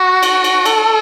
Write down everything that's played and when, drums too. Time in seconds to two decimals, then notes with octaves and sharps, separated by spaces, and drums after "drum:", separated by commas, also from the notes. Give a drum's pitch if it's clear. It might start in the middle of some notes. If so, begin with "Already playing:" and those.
Already playing: F#4
0.23 drum: cymbal
0.44 drum: cymbal
0.65 A4, drum: cymbal